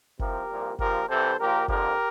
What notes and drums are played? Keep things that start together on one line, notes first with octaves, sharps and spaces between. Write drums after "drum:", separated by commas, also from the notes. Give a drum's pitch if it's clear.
C2 C3 F3 G4 A#4, drum: kick F#1
C2 A#2 F3
A#1 A#2 F3 G4 A#4, drum: kick F#1
C2 C3 E3 A4 C5
A#1 A#2 F3 G4 A#4
F2 D3 F3 G4 A#4, drum: kick F#1